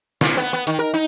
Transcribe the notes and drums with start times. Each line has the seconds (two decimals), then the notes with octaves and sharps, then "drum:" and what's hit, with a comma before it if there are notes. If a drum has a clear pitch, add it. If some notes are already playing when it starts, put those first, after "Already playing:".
0.21 A#2, drum: snare
0.37 B3
0.53 B3
0.67 D#3, drum: hi-hat
0.79 A#4
0.94 D#4